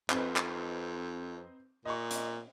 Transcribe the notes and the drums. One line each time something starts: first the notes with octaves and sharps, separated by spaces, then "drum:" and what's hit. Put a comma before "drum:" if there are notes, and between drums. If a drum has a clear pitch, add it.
F2 C4 D#4 B4, drum: clap
drum: clap
A#2 D#5 C#6
drum: hi-hat